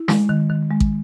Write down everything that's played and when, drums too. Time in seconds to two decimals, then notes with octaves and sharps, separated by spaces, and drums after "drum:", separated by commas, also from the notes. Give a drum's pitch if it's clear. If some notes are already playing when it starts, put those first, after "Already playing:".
Already playing: E4
0.08 G#3, drum: snare
0.29 D#3
0.50 D#3
0.71 G#3
0.80 drum: kick